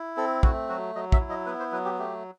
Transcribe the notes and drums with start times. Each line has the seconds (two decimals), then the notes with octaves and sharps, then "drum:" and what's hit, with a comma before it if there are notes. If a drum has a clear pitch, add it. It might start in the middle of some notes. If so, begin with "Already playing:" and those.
Already playing: E4
0.17 C4 A4
0.43 A3 F#4, drum: kick
0.69 F#3 F#4
0.95 F#3 D#5
1.12 E5, drum: kick
1.20 E4
1.30 D#5
1.46 B3 B4
1.60 C5
1.72 F#3 B4
1.85 G4
1.99 A3 G4